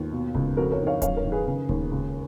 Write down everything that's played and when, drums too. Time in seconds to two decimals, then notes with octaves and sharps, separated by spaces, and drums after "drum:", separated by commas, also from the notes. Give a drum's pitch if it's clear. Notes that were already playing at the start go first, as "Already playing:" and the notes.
Already playing: D#2 F4
0.12 B2
0.35 C#2, drum: kick D1
0.57 F2 F#4 A#4
0.72 A#4 C#5
0.79 D#3
0.87 C#5 F5
1.02 F#2 C#5 F5, drum: kick D1, hi-hat
1.17 A#4 C#5
1.24 D#3
1.32 G#4 B4
1.47 C#3
1.69 D#2, drum: kick D1
1.91 C#2